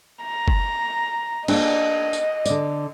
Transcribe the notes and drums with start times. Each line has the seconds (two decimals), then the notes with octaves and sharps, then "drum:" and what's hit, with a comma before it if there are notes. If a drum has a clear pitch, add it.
0.24 A#5
0.48 drum: kick F#1
1.48 A#3 D4 D#5, drum: cymbal
2.13 drum: tambourine
2.46 D3 D5, drum: tambourine